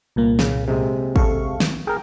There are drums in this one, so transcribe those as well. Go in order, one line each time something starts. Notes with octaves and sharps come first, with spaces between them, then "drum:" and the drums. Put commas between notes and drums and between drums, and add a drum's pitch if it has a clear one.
C2 A#2 A#3
C#3, drum: snare
C3 G#3
A4 F5 C#6, drum: kick
drum: snare
G#4 A#4 G5